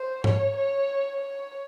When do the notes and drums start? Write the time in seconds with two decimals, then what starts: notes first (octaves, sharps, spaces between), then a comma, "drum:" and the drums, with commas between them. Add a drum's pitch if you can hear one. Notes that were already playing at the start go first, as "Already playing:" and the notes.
Already playing: C5
0.24 C#5, drum: tom G#2
0.57 C#5
1.21 C#5